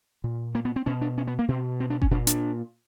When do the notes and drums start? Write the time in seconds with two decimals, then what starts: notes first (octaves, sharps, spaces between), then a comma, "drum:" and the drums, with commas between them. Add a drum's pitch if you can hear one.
0.24 A#2
0.55 A#3
0.65 B3
0.76 C4
0.86 B2 C#4
1.01 D4
1.18 C#4
1.27 B3
1.39 A#3
1.48 B2 C4
1.80 C4
1.90 D4
2.02 C#4, drum: kick F#1
2.11 A#2 D4
2.27 D4, drum: hi-hat